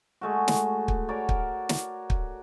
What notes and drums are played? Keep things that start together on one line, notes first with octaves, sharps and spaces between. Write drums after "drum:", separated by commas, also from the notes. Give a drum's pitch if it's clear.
G#3 A3 F#4
drum: snare
drum: kick
F#4 A#4 C#5 D5
drum: kick
drum: snare
drum: kick